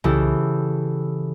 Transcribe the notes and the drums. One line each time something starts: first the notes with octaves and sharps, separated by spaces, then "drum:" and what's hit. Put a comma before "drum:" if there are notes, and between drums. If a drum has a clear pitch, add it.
C#3 E3 E4 G4 A4, drum: tom C2